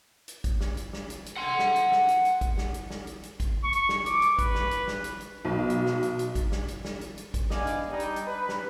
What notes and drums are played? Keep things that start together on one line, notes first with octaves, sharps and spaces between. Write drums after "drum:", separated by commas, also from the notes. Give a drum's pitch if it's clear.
drum: hi-hat
drum: kick, hi-hat
drum: snare
drum: hi-hat
drum: snare
drum: hi-hat
drum: hi-hat
F#5 C6
drum: snare
drum: hi-hat
drum: snare
drum: hi-hat
drum: hi-hat
drum: kick, hi-hat
drum: snare
drum: hi-hat
drum: snare
drum: hi-hat
drum: hi-hat
drum: kick, hi-hat
C#6
drum: hi-hat
drum: snare
D6, drum: hi-hat
drum: hi-hat
B4, drum: kick, hi-hat
drum: snare
drum: hi-hat
drum: snare
drum: hi-hat
drum: hi-hat
B1
drum: hi-hat
drum: snare
drum: hi-hat
drum: hi-hat
drum: kick, hi-hat
drum: snare
drum: hi-hat
drum: snare
drum: hi-hat
drum: hi-hat
drum: kick, hi-hat
B3 D4 D5 D#5 F5 G#5, drum: snare
drum: hi-hat
G3 D4 D#4
drum: hi-hat
drum: hi-hat
B4
drum: snare